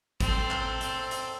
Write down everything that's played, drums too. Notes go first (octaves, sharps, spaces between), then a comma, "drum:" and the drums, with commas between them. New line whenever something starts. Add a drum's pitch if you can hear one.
C4 A4, drum: kick G#1, hi-hat
drum: clap
drum: hi-hat
drum: hi-hat